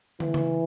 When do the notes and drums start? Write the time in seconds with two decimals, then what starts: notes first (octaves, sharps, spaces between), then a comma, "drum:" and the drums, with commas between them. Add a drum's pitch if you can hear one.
0.20 E3, drum: tom
0.34 drum: tom C#3